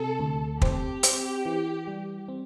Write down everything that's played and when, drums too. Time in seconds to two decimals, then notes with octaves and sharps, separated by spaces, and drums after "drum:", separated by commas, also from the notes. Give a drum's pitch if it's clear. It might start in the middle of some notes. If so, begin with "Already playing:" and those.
Already playing: C3 A4
0.20 D2
0.62 C4 G4, drum: kick
1.03 C4, drum: hi-hat
1.46 E3
1.87 G3
2.28 C4